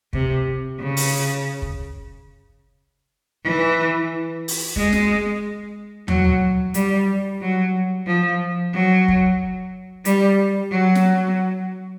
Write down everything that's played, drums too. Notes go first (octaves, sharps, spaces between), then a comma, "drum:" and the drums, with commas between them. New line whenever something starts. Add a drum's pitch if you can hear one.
C3, drum: kick
C#3
drum: open hi-hat
drum: kick
E3
drum: open hi-hat
G#3, drum: kick
drum: snare
F#3, drum: tom D#2
G3, drum: hi-hat
F#3
F3
F#3
drum: kick
G3, drum: hi-hat
F#3
drum: snare